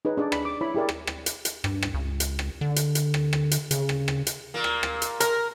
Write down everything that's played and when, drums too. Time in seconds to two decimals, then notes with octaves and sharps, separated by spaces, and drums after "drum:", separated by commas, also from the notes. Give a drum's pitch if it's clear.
0.05 D#4 G#4 B4 C#5
0.17 D4 G#4 D5
0.32 B5, drum: rim click
0.45 D6
0.61 E4 C#5 B5
0.75 E4 G4 G#4 A#4 D5
0.89 drum: rim click
1.07 drum: rim click
1.26 drum: hi-hat
1.45 drum: hi-hat
1.64 G2, drum: rim click
1.82 drum: rim click
1.94 C#2
2.20 drum: hi-hat
2.39 drum: rim click
2.61 D3
2.76 drum: hi-hat
2.95 drum: hi-hat
3.14 drum: rim click
3.33 drum: rim click
3.51 drum: hi-hat
3.71 C#3, drum: hi-hat
3.89 drum: rim click
4.08 drum: rim click
4.27 drum: hi-hat
4.54 A#2 A#3
4.64 drum: rim click
4.83 drum: rim click
5.02 drum: hi-hat
5.20 A#4, drum: hi-hat